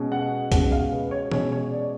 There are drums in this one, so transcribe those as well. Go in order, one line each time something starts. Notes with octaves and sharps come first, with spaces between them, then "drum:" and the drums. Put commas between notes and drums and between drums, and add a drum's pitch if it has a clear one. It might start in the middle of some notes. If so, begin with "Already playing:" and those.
Already playing: B2 G#3 C#4
F#5
B2 G#3 C#4 F#5, drum: kick, hi-hat
F5
B4
C#5
B2 G#3 C#4 C#5, drum: tom E3
C#5
D5